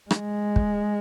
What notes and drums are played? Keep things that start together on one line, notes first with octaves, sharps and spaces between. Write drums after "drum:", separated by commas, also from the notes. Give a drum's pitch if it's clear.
G#3, drum: rim click
drum: kick